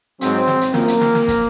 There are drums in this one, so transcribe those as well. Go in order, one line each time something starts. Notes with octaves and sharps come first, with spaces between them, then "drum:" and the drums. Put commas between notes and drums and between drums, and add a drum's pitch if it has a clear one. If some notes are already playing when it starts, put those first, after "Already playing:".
G#2 F#3 C4, drum: hi-hat
drum: snare
drum: hi-hat
F#2 F3 A#3, drum: snare
drum: hi-hat
drum: snare
drum: snare
drum: kick, hi-hat